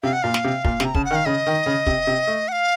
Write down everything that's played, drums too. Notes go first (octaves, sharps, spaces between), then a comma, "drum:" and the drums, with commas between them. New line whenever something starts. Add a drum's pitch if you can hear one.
C3 F5
F#5
A#2 F5
drum: snare
C3
A#2, drum: kick
C3, drum: snare
A#5
C#3 A5, drum: kick
F#5
D#3
F5
C#3 D#5
D#3
C#3
C3, drum: kick
C3
A3
F#5
F5